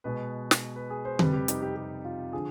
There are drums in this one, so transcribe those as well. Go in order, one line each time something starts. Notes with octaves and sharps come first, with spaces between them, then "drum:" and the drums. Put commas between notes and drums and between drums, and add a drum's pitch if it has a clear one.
B2 G#3 B4
drum: snare
B4
G#4
C5
F2 C3 G3 B4, drum: tom D3
G4
D#4, drum: hi-hat
G4
G4
F4
D3 F3 G#4